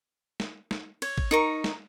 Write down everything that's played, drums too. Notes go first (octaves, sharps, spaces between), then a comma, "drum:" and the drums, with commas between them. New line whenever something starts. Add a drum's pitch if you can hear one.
drum: snare
drum: snare
C#5, drum: cymbal
drum: kick
D#4 A#4 C#6
drum: snare